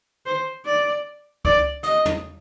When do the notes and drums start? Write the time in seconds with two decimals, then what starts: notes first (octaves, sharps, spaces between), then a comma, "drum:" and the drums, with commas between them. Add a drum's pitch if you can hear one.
0.26 C5
0.66 D5
1.45 D5, drum: kick C#2
1.83 D#5, drum: hi-hat
2.05 drum: tom